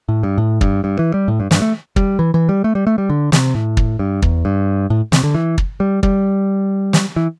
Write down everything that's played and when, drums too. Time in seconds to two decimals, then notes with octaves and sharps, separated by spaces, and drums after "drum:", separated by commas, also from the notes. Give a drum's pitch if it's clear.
0.09 A2
0.23 G2
0.38 A2
0.61 G2, drum: kick
0.84 G2
0.99 E3
1.14 G3
1.28 A2
1.40 G2
1.51 G2, drum: snare
1.62 A3
1.96 G3, drum: kick
2.19 E3
2.34 E3
2.49 G3
2.64 A3
2.75 G3
2.87 A3
2.98 G3
3.10 D3
3.32 C3, drum: snare
3.55 A2
3.77 drum: kick
3.99 G2
4.22 E2, drum: kick
4.45 G2
4.90 A2
5.12 C3, drum: snare
5.23 D3
5.34 E3
5.58 drum: kick
5.80 G3
6.03 G3, drum: kick
6.93 drum: snare
7.16 E3